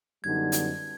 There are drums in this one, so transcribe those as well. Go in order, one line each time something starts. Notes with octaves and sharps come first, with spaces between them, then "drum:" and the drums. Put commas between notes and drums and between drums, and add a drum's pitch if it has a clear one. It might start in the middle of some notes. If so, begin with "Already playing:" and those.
F#2 D3 G3 B3 D#4 G#6
drum: hi-hat